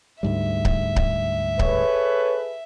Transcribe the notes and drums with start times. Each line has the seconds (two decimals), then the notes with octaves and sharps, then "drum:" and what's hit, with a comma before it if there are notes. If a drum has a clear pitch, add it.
0.23 D2 G#2 G3 E5
0.65 drum: kick C#1
0.96 drum: kick C#1
1.59 G#4 A4 B4 C#5, drum: kick C#1